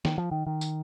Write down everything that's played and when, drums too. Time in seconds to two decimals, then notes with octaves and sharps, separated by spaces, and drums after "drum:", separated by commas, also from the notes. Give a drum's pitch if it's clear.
0.05 D#3, drum: snare
0.18 F3
0.31 D#3
0.47 D#3
0.61 drum: tambourine